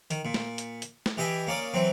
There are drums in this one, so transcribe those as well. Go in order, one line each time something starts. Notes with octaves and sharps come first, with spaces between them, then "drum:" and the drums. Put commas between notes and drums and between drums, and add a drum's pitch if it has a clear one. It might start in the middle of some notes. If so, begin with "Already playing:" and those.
D#3, drum: hi-hat
A#2
drum: snare
drum: hi-hat
drum: hi-hat
drum: snare
E3 G4 D#5 E5 G#5
A#3 C#4 D5 D#6
E3 F#3 C4